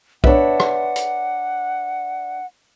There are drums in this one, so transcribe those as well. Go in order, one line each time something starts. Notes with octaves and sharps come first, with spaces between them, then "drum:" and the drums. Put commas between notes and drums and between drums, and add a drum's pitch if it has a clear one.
D4 B4 C#5 E5 F#5, drum: kick B1
drum: rim click
drum: hi-hat